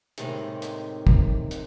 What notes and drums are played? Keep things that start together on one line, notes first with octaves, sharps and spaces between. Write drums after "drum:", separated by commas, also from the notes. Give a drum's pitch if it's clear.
A2 C3 D#3 G#3 A#3, drum: hi-hat
drum: hi-hat
drum: kick
drum: hi-hat